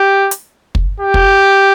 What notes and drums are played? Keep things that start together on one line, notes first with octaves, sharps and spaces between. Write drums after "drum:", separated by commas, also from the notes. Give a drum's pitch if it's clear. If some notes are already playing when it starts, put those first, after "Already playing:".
Already playing: G4
drum: hi-hat
drum: kick
G4
drum: kick